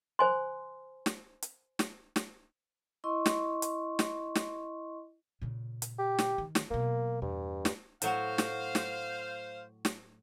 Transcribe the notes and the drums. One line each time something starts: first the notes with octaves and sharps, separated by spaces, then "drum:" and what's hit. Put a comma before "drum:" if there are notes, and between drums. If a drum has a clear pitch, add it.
C5 G#5 C6
drum: snare
drum: hi-hat
drum: snare
drum: snare
E4 D#5 C6 C#6
drum: snare
drum: hi-hat
drum: snare
drum: snare
A#2 C#3
drum: hi-hat
G4
drum: snare
D#3
drum: snare
B2 F#3 A#3
E2 G2
drum: snare
A2 F#3 F#4 C5 F5, drum: hi-hat
drum: snare
drum: snare
drum: snare